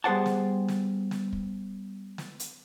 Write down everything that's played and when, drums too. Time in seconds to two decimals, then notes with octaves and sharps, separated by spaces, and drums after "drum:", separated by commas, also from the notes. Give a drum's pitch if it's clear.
0.04 G3 B3 G#4 C5 F#5 A5
0.26 drum: snare
0.68 drum: snare
1.11 drum: snare
1.33 drum: kick
2.18 drum: snare
2.40 drum: hi-hat